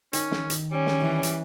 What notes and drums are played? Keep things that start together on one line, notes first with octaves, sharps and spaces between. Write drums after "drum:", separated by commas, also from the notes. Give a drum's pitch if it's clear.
D#3 C#4, drum: hi-hat
drum: snare
drum: hi-hat
G3 C#4
drum: snare
E3
drum: hi-hat